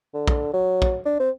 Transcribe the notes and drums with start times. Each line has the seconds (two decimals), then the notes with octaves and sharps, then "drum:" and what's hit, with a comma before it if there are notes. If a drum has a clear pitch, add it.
0.14 D3
0.28 drum: kick
0.53 F#3
0.82 drum: kick
1.05 D4
1.20 C4